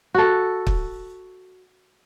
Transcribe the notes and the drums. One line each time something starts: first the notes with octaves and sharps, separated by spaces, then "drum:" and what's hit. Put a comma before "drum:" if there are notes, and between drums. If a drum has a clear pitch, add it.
F#4 A4
drum: kick